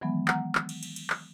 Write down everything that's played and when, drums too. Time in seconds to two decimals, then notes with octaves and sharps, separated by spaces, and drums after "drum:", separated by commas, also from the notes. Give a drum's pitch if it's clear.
0.01 D#3 E3 F#3 G#3 B3
0.28 F#5 A#5, drum: clap
0.55 drum: clap
0.69 drum: cymbal
0.83 drum: cymbal
0.96 drum: cymbal
1.10 drum: clap